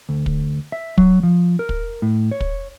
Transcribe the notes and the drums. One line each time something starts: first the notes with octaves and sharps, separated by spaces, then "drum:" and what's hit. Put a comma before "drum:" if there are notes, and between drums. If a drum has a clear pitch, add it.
D2
drum: kick
E5
F#3, drum: kick
F3
A#4
drum: kick
A2
C#5
drum: kick